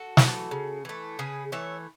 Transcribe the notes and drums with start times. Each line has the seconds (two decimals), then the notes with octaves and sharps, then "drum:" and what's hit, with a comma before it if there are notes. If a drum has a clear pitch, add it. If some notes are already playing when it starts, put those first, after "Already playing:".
Already playing: F#4 A4
0.17 E3 A3, drum: snare
0.51 C#3
0.85 E3 A3
1.19 C#3 G#4 B4
1.52 E3 A3 C#5 E5